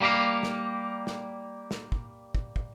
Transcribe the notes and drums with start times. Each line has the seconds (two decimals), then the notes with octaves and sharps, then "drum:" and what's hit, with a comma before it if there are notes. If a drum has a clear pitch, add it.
0.01 G3 A#3 G4 A#4 F5
0.43 drum: snare
1.07 drum: snare
1.71 drum: snare
1.92 drum: kick
2.35 drum: kick
2.56 drum: kick